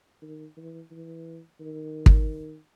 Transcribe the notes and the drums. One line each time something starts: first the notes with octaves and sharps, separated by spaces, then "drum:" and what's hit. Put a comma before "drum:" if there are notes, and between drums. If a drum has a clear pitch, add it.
D#3
E3
E3
D#3
drum: kick